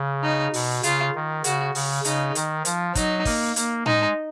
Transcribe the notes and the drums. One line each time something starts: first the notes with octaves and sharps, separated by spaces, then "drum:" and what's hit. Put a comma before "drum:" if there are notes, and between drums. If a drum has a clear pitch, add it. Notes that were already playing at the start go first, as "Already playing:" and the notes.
Already playing: C#3
D#4
B2, drum: open hi-hat
C#3 F4, drum: hi-hat
D#3
C#3 F#4, drum: hi-hat
C#3, drum: open hi-hat
C#3 D#4, drum: hi-hat
D#3, drum: hi-hat
F3, drum: hi-hat
F#3 D#4, drum: kick, hi-hat
A#3, drum: kick, open hi-hat
A#3, drum: hi-hat
G#3 D#4, drum: tom A2